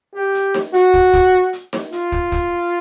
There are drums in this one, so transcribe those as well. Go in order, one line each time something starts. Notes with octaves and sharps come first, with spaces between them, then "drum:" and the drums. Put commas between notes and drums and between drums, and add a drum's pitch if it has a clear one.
G4
drum: hi-hat
drum: snare D#4
F#4, drum: hi-hat
drum: kick
drum: kick, hi-hat
drum: hi-hat
drum: snare D#4
F4, drum: hi-hat
drum: kick
drum: kick, hi-hat